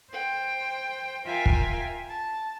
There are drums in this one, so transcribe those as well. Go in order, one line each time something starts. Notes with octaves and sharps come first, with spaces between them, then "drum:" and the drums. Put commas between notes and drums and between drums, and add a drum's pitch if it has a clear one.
C5 G5
F4 A#4 E5 F5 G5 G#5
drum: kick
A5